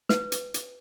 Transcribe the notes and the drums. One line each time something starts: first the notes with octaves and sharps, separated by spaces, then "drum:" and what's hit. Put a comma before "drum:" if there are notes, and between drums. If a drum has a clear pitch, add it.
B4, drum: snare
drum: hi-hat
drum: hi-hat